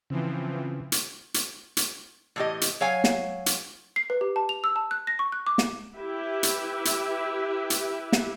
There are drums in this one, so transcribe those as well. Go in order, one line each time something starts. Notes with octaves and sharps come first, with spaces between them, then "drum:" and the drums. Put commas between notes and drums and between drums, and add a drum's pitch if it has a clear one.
C#3 E3 F3 C4
drum: hi-hat
drum: hi-hat
drum: hi-hat
A2 E3 G3 E4 G4 D#5
drum: hi-hat
F#3 C#5 F5 G#5
drum: snare
drum: hi-hat
C7
B4
G4
A5
F7
E6
A5
F#6
A#6
C#6
F#6
D6
drum: snare
E4 G4 B4 E5
drum: hi-hat
drum: hi-hat
drum: hi-hat
drum: snare